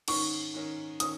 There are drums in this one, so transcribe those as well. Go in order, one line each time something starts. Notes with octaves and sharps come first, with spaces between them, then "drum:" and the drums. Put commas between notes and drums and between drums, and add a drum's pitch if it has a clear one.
G#2 D#3 C#4 C#6, drum: cymbal
G#2 D#3 C#4
D#3 C#4 D#6, drum: hi-hat